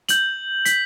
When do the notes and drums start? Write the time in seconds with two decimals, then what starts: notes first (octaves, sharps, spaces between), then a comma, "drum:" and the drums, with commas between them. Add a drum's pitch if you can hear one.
0.09 G6 F#7, drum: hi-hat
0.65 B6, drum: hi-hat